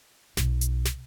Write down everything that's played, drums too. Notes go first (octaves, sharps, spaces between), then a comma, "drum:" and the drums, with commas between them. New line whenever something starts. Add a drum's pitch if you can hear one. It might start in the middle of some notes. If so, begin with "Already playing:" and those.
B1, drum: snare
drum: hi-hat
drum: snare